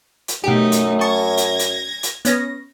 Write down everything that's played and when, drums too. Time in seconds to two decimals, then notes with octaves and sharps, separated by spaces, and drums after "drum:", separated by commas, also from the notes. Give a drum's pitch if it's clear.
0.28 drum: hi-hat
0.44 F#2 B2 A3 D#4 G4
0.72 drum: hi-hat
1.01 A5 C#6 G#6 A#6
1.37 drum: hi-hat
1.59 drum: hi-hat
2.03 drum: hi-hat
2.25 B3 C#4 A#6, drum: hi-hat